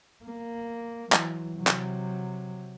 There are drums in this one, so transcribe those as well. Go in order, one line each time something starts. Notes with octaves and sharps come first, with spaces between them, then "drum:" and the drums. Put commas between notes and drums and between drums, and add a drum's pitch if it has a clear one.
A#3
E3 F#3, drum: clap
C3 F#3
drum: clap